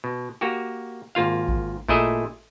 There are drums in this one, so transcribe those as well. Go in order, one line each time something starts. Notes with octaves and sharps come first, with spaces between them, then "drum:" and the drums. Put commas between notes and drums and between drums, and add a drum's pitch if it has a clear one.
B2
A#3 F#4 G4
G#1 A#3 F4 F5
drum: kick A1
A#2 A3 E4 G#4 D#5 E5, drum: kick A1